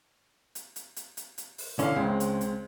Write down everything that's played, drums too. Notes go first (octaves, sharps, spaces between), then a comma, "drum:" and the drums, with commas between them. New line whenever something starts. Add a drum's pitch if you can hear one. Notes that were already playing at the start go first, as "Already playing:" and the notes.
drum: hi-hat
drum: hi-hat
drum: hi-hat
drum: hi-hat
drum: hi-hat
drum: open hi-hat
D3 C#4 E4 F5, drum: hi-hat
C#2 C#3 G#3 C4
drum: hi-hat
drum: hi-hat